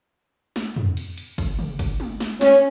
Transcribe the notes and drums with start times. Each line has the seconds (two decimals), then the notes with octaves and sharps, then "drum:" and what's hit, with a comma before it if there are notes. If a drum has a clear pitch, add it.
0.56 drum: snare
0.76 drum: tom
0.97 drum: cymbal
1.18 drum: cymbal
1.38 drum: kick, cymbal
1.59 drum: tom
1.79 drum: kick, cymbal
2.00 drum: tom
2.20 drum: snare
2.41 C#4, drum: snare